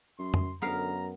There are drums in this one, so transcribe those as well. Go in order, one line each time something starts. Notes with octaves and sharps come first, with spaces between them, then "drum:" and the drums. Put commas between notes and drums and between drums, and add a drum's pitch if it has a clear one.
F#2 C6
drum: tom F2
F#2 D3 B3 A#4 F5 A#5